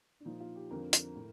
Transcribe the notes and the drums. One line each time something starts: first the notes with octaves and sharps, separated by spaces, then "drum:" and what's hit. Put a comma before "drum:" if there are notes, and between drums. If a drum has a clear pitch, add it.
D4
A#2 F3 D#4
F4
G4
F2 D3 F3 A#4
drum: hi-hat
A2